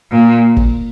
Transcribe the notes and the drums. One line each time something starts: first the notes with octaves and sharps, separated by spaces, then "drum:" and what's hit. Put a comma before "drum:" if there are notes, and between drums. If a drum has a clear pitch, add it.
A#2
drum: kick